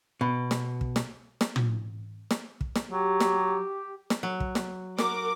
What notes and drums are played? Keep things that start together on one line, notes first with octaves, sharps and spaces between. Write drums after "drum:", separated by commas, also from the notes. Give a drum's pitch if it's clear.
B2
drum: snare
drum: kick
drum: snare
drum: snare
drum: tom
drum: snare
drum: kick
drum: snare
F#3 G4
drum: snare
drum: snare
F#3
drum: kick
drum: snare
F#4 A#4 D6, drum: snare